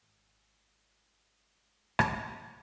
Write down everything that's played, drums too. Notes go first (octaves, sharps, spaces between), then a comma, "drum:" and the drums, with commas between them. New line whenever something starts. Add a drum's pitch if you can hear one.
G#1 G#3 G#4
drum: rim click